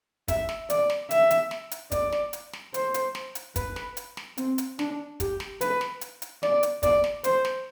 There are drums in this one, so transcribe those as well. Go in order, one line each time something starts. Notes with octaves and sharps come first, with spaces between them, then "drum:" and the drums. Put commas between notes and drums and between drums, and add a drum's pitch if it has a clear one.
E5, drum: kick, hi-hat
drum: snare
D5, drum: hi-hat
drum: snare
E5, drum: hi-hat
drum: hi-hat
drum: snare
drum: hi-hat
D5, drum: kick, hi-hat
drum: snare
drum: hi-hat
drum: snare
C5, drum: hi-hat
drum: hi-hat
drum: snare
drum: hi-hat
B4, drum: kick, hi-hat
drum: snare
drum: hi-hat
drum: snare
C4, drum: hi-hat
drum: hi-hat
D4, drum: snare
G4, drum: kick, hi-hat
drum: snare
B4, drum: hi-hat
drum: snare
drum: hi-hat
drum: hi-hat
D5, drum: snare
drum: hi-hat
D5, drum: kick, hi-hat
drum: snare
C5, drum: hi-hat
drum: snare